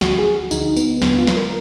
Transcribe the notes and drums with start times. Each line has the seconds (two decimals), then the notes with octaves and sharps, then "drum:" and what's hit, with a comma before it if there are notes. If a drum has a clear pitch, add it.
0.01 D2 D3 F3 F#4, drum: snare
0.18 G#4
0.35 F#4
0.51 D2 D3 F3 D#4, drum: tambourine
0.76 B3, drum: tambourine
1.02 D#2 D3 F3 B3, drum: snare
1.18 F4
1.27 drum: snare
1.36 A#4